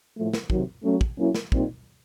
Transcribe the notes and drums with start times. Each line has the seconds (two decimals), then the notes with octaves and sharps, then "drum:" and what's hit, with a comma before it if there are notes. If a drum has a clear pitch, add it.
0.17 A2 F3 A3
0.33 drum: snare
0.50 C3 D#3 F#3, drum: kick
0.84 F#3 A3 C#4
1.01 drum: kick
1.17 F#3 A#3 C#4 E4
1.35 drum: snare
1.52 A#2 G3 C4 D#4, drum: kick